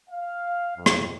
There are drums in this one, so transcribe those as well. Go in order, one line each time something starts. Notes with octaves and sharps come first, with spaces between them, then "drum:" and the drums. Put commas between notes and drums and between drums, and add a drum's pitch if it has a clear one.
F5
F2
drum: rim click